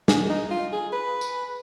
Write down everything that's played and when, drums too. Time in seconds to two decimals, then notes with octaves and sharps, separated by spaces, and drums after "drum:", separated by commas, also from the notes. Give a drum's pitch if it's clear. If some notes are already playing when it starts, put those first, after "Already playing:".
0.08 G#4, drum: snare
0.30 D#4
0.51 F4
0.72 G#4
0.93 B4
1.21 drum: tambourine